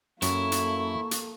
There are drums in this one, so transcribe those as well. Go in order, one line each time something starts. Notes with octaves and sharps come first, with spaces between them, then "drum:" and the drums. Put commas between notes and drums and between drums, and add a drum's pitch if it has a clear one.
F#2 A#3 E4 A4 C#5 C#6, drum: hi-hat
drum: hi-hat
drum: hi-hat